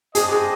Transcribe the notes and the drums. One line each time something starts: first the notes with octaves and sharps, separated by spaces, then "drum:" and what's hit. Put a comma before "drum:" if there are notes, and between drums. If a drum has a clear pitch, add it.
D4 G4 G#4 C5 D#5, drum: hi-hat
G#4